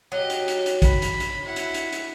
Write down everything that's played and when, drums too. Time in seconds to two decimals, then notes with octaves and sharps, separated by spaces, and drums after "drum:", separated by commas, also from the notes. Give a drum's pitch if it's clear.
0.12 F#3 G4 D#5
0.30 drum: hi-hat
0.48 drum: hi-hat
0.66 drum: hi-hat
0.82 B5, drum: kick, hi-hat
1.02 drum: hi-hat
1.20 drum: hi-hat
1.44 E4 F#5
1.56 drum: hi-hat
1.74 drum: hi-hat
1.92 drum: hi-hat